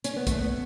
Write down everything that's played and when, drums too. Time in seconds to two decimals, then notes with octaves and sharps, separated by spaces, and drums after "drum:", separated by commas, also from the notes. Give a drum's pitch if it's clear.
0.04 C#4, drum: hi-hat
0.16 B3
0.27 A3, drum: kick, hi-hat
0.38 B3